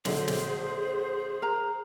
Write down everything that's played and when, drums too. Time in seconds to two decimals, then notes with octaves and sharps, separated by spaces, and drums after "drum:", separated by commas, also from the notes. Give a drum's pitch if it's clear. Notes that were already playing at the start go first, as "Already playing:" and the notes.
0.05 A#1 D3 F#3 G#4 C5, drum: snare
0.28 drum: snare
1.42 A#4 A#5